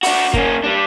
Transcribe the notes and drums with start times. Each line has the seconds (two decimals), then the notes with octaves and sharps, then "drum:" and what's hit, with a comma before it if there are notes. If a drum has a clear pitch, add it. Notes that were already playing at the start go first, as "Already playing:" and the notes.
0.03 D4 F#4, drum: open hi-hat
0.34 A#3 C#4, drum: kick
0.64 G3 D4